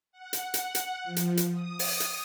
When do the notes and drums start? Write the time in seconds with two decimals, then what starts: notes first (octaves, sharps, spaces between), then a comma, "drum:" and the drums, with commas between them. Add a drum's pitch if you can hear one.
0.12 F#5
0.33 drum: hi-hat
0.54 drum: hi-hat
0.75 drum: hi-hat
1.04 F3
1.16 drum: hi-hat
1.37 drum: hi-hat
1.51 D#6
1.79 drum: open hi-hat
2.00 drum: hi-hat